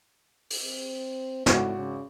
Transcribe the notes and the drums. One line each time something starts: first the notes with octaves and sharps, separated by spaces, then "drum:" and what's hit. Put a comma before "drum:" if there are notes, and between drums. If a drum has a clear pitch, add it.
drum: open hi-hat
C4
G#1 A2 F#4, drum: snare
C#3